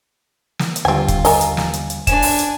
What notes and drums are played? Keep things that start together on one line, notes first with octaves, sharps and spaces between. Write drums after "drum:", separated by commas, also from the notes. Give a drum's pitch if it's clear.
drum: snare
drum: hi-hat
D#2 D3 G3 C4 F4 G#5
drum: kick, hi-hat
A#4 D#5 G#5, drum: open hi-hat
drum: hi-hat
drum: snare
drum: hi-hat
drum: hi-hat
D4 G#5 E7, drum: kick, hi-hat
drum: open hi-hat
drum: hi-hat